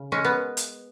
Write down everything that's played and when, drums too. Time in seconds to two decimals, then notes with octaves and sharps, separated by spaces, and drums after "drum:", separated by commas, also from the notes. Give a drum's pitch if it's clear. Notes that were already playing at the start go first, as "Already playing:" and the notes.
Already playing: C#3
0.12 G#3 C#4
0.25 B3
0.57 drum: hi-hat